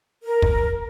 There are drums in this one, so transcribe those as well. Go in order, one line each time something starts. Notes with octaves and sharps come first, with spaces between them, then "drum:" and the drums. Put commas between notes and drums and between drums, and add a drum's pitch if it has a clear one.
A#4
drum: kick